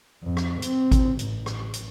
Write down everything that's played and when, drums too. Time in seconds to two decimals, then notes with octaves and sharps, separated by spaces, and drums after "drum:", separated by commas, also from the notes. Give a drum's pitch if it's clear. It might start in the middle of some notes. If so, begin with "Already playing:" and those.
0.23 F2
0.37 drum: rim click
0.62 C4, drum: hi-hat
0.92 drum: kick G#1, hi-hat
1.19 A1, drum: hi-hat
1.46 drum: rim click
1.74 drum: hi-hat